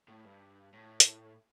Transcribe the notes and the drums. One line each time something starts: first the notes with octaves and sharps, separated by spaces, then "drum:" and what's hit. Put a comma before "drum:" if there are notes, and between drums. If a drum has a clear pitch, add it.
A2
G2
A2
drum: hi-hat